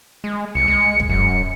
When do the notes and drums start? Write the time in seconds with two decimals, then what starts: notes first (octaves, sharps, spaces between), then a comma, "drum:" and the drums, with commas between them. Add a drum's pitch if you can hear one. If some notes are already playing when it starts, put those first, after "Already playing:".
0.24 G#3
0.55 C2 C#7
0.68 G#3
1.00 drum: kick
1.09 F#2 C#7